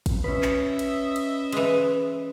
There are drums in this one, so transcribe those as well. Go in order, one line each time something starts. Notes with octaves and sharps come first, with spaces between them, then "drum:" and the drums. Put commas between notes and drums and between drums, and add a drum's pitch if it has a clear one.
drum: kick, cymbal
C#4 B4 D#5 E5
drum: clap
drum: cymbal
drum: cymbal
E3 G#3, drum: cymbal